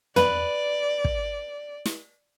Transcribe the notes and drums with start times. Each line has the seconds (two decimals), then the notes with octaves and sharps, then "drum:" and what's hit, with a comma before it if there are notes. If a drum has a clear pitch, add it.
0.16 B4 D5, drum: tom
1.04 drum: kick
1.86 drum: snare